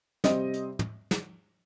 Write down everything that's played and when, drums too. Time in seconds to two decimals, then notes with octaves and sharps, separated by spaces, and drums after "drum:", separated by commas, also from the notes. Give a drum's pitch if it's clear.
0.24 C3 G3 C4 D#5, drum: snare
0.54 drum: hi-hat
0.79 drum: tom
1.11 drum: snare